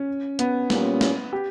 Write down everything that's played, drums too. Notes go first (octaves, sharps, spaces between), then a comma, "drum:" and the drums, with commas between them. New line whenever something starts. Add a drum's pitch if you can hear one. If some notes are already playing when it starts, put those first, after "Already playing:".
Already playing: C#4
B3, drum: hi-hat
A#2 G3 A#3 C#4, drum: snare
drum: snare
G4